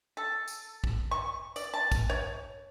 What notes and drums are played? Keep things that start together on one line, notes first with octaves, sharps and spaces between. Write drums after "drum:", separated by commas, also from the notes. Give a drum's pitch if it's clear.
A4
drum: tambourine
drum: kick
C#6
D5, drum: tambourine
A5
drum: kick, tambourine
C#5